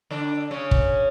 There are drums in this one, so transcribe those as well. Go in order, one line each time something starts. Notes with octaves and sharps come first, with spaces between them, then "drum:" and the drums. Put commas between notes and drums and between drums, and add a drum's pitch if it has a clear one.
D3 D4
C#3 C#4
drum: kick